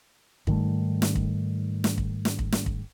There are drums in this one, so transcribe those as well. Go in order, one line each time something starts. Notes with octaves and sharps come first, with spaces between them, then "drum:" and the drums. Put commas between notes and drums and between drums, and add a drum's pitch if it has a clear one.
G#2 D#3 G3 A3, drum: kick
drum: snare
drum: kick
drum: snare
drum: kick
drum: snare
drum: kick
drum: snare
drum: kick